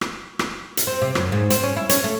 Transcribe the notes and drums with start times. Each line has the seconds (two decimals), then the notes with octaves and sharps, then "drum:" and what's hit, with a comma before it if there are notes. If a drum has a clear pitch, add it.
0.01 drum: rim click
0.39 drum: rim click
0.77 drum: hi-hat
0.87 C4
1.02 C3
1.15 F#2, drum: rim click
1.32 G#2
1.50 C4, drum: hi-hat
1.63 C#4
1.76 E4
1.89 C#4, drum: hi-hat
2.04 A3